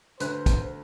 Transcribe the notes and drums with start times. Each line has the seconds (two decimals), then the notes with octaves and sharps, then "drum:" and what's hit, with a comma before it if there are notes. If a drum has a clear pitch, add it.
0.20 D2 B4 C5, drum: hi-hat
0.46 drum: kick, hi-hat